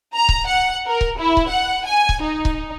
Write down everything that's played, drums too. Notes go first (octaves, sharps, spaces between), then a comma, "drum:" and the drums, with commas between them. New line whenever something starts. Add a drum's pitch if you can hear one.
A#5
drum: kick C#1
F#5
A#4
drum: kick C#1
E4
drum: kick C#1
F#5
G#5
drum: kick C#1
D#4
drum: kick C#1